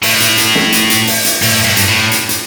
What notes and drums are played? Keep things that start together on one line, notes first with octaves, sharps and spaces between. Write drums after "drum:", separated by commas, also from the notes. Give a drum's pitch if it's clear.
A2, drum: open hi-hat
drum: hi-hat
drum: hi-hat
drum: snare
drum: hi-hat
drum: hi-hat
drum: open hi-hat
drum: hi-hat
A2, drum: open hi-hat
G2
drum: hi-hat
A2
drum: hi-hat
drum: hi-hat